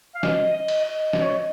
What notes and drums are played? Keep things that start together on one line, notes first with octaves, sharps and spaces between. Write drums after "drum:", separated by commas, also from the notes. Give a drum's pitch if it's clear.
F5
D#5, drum: snare
D#5
drum: cymbal
D#5
D#5, drum: snare
C#5
D#5